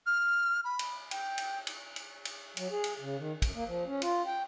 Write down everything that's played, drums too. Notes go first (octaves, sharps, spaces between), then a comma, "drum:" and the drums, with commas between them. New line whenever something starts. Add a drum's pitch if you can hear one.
F6
B5
drum: cymbal
G5, drum: cymbal
drum: cymbal
drum: cymbal
drum: cymbal
drum: cymbal
F#3, drum: cymbal
G#4
drum: cymbal
C#3
D#3
F#2, drum: kick, cymbal
A#3
F3
C#4
F4, drum: cymbal
G5